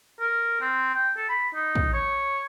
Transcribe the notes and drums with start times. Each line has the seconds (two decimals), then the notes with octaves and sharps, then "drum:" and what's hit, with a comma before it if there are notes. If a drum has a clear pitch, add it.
0.20 A#4
0.61 C4
0.95 G5
1.17 A4
1.29 B5
1.55 D#4
1.75 drum: kick
1.94 C#5